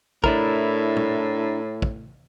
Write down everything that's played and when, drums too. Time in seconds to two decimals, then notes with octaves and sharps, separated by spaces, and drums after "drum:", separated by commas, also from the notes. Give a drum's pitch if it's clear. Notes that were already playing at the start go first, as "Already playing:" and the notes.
0.24 A2 D4 E4 A#4, drum: kick
0.96 drum: tom
1.82 drum: kick